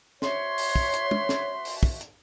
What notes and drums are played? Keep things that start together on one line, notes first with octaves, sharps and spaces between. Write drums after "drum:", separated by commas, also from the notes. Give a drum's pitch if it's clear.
F#4 C5 C#5 E5 C6, drum: snare
drum: open hi-hat
drum: kick
drum: hi-hat
drum: tom
drum: snare
drum: open hi-hat
drum: kick
drum: hi-hat